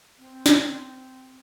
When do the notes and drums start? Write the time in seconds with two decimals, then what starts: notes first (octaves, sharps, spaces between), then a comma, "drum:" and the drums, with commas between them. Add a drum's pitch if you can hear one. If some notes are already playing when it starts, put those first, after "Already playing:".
0.18 C4
0.46 drum: snare